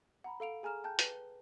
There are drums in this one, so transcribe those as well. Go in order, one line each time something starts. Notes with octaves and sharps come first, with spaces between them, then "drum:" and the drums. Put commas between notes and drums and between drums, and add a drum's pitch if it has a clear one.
F#5 A#5 B5
A4 F5 D7 F7
G#4 G#5 A#5 F6 E7
G5 A5 F#6 G6
B4 G7, drum: hi-hat